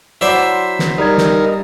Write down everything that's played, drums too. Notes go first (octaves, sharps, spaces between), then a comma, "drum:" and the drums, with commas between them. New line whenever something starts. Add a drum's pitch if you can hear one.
F#3 E4 C5 D5 E5 F#5 C6 D6
drum: snare
G3 D#4 A#4 G#6
drum: snare